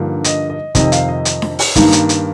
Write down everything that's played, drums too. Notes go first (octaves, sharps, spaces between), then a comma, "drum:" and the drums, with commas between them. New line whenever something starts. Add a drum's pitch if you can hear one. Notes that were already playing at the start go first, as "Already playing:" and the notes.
Already playing: G2 D3 F3 A#3 D#4
D#5, drum: hi-hat
D#5
F2 C3 D#3 D#5, drum: kick, hi-hat
F5, drum: hi-hat
D#5
drum: hi-hat
drum: snare D4
drum: open hi-hat
G2 D#3 A#3 D#4, drum: kick, hi-hat
drum: hi-hat
drum: hi-hat